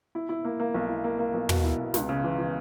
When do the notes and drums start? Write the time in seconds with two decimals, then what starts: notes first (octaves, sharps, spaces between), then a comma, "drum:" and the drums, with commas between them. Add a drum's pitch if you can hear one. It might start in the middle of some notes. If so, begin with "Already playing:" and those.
0.15 E4
0.29 E4
0.45 A#3
0.60 A#3
0.75 B1
0.89 E4
1.04 A#3
1.19 A#3
1.34 B1
1.49 B2, drum: tom
1.64 E4
1.79 B2
1.94 C#2, drum: snare
2.09 C#3
2.24 E3
2.38 E3